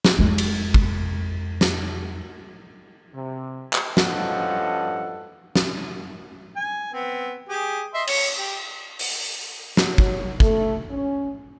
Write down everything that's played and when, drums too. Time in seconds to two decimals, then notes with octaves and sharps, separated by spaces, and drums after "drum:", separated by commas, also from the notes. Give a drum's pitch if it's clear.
0.05 drum: snare
0.19 F2 G#3
0.38 drum: cymbal
0.74 drum: kick
1.61 drum: snare
3.14 C3
3.73 drum: clap
3.97 G2 F3 C#4 A4 D#5 F#5, drum: snare
5.56 drum: snare
6.56 G#5
6.93 B3 C4
7.49 G4 G#4
7.94 D#5 E5 C6
8.07 C#5, drum: cymbal
8.39 G4
8.99 drum: open hi-hat
9.77 F#3, drum: snare
9.98 drum: kick
10.40 A3, drum: kick
10.91 C#4